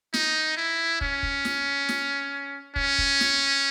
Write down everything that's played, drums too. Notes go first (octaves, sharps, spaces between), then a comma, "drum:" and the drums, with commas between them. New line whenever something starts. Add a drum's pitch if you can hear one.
D#4, drum: snare
E4
C#4, drum: kick
drum: kick
drum: snare
drum: snare
C#4, drum: kick
drum: kick
drum: snare